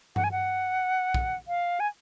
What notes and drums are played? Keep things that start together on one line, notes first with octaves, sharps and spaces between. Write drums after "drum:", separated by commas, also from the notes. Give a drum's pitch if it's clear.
F#5, drum: tom G2
G#5
F#5
drum: kick B1
F5
G#5